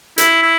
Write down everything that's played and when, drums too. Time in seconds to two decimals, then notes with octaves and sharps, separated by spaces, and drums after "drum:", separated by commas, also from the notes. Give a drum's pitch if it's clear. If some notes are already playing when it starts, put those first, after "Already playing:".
0.18 E4, drum: hi-hat
0.42 E4